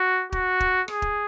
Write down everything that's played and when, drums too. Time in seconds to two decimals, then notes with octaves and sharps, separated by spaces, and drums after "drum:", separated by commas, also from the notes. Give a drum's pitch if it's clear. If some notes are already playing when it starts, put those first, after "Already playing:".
Already playing: F#4
0.32 F#4, drum: kick
0.60 drum: kick
0.88 G#4, drum: rim click
1.02 drum: kick